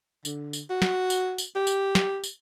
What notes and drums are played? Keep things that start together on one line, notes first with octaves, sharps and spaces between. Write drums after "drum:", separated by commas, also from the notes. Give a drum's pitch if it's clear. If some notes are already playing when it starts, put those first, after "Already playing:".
D3, drum: tambourine
drum: tambourine
F#4
drum: snare
drum: tambourine
drum: tambourine
G4
drum: tambourine
drum: snare
drum: tambourine